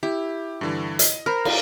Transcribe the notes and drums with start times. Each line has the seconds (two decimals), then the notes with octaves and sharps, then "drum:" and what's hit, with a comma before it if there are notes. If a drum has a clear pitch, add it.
0.03 E4 G4
0.61 G2 D3 E3
0.99 D#5, drum: hi-hat
1.26 A#4 C5 B5 F6
1.45 F5, drum: cymbal